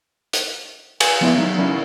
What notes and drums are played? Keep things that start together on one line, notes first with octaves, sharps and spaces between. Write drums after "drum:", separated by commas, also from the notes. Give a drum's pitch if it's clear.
drum: hi-hat
G#5, drum: cymbal
F3 B3 E4 E5
F#3 D#4
C#4 E4 A#4 D5